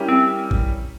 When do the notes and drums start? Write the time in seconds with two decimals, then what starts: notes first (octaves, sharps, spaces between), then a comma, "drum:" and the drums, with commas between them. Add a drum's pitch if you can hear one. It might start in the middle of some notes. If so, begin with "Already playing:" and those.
Already playing: G3 C#4 E4 G4 A#4
0.09 C4
0.51 drum: kick G#1